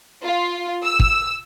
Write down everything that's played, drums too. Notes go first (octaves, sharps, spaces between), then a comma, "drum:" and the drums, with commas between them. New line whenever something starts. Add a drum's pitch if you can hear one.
F4
E6
drum: kick